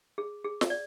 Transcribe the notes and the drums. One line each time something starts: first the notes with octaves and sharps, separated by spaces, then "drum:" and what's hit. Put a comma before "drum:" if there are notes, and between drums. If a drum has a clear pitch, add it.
G#4
G#4
drum: snare
D5